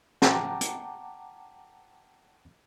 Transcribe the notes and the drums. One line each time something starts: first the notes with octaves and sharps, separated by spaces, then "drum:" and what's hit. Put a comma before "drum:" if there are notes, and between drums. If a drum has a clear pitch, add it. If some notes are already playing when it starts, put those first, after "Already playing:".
F#5 G5 A5 A#5 D6, drum: snare
drum: hi-hat